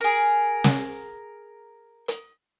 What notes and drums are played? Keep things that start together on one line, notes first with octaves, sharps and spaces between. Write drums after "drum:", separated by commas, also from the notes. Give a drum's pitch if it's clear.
G#4 A#4
drum: snare
drum: hi-hat